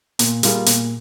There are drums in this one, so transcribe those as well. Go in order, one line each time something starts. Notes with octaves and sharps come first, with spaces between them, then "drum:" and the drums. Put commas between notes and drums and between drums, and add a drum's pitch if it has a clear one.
A#2, drum: hi-hat
G3 A#3 F4 G#4, drum: hi-hat
A#2, drum: hi-hat